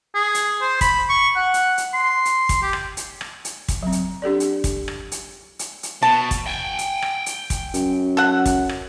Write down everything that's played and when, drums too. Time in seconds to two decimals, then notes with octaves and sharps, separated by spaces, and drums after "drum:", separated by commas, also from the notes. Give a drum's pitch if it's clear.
0.15 G#4
0.35 drum: hi-hat
0.61 C5
0.81 B5, drum: kick, hi-hat
1.09 C#6
1.36 F#5
1.54 drum: hi-hat
1.78 drum: hi-hat
1.93 C6
2.25 drum: hi-hat
2.49 drum: kick, hi-hat
2.62 G4
2.73 drum: rim click
2.97 drum: hi-hat
3.21 drum: rim click
3.45 drum: hi-hat
3.68 drum: kick, hi-hat
3.83 F#3 C4
3.92 drum: hi-hat
4.22 D4 G4 A4 D5
4.40 drum: hi-hat
4.64 drum: kick, hi-hat
4.88 drum: rim click
5.12 drum: hi-hat
5.59 drum: hi-hat
5.83 drum: hi-hat
6.03 B2 A5
6.31 drum: kick, hi-hat
6.47 G5 G#5
6.79 drum: hi-hat
7.02 drum: rim click
7.26 drum: hi-hat
7.50 drum: kick, hi-hat
7.74 F#2, drum: hi-hat
8.17 A4 F#5
8.46 drum: kick, hi-hat
8.69 drum: rim click